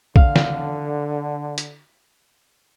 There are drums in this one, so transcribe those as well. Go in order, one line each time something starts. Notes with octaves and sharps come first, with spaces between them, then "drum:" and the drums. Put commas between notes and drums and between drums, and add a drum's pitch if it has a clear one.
D3 F5, drum: kick
drum: snare
drum: hi-hat